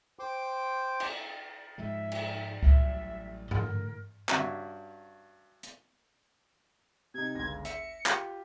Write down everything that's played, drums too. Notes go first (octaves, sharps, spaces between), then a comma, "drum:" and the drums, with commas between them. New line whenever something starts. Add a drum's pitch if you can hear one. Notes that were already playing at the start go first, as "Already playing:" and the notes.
C5 G5 C6 D6
drum: cymbal
G#2 F3 G#3 E5
drum: cymbal
A1 F#3 G3 E5, drum: kick C#2
A2 D3 A#4, drum: tom G2
G2 C#4 F#4 E5 A#5, drum: clap
drum: hi-hat
C3 D#4 G#6
G1 C#2 A#6
E5 C#7, drum: hi-hat
F4 G4, drum: clap